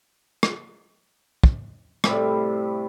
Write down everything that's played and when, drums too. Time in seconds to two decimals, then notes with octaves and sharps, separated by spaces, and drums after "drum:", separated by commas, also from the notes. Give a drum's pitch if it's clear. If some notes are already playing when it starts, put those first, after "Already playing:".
0.43 drum: rim click
1.44 drum: kick
2.04 A2 C3 G3, drum: rim click